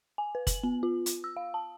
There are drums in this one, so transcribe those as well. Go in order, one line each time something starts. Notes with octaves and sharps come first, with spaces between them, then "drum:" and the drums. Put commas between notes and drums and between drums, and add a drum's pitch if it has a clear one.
G#5
B4
F#7, drum: kick F#1, hi-hat
B3
F4
drum: hi-hat
E6
F5
A5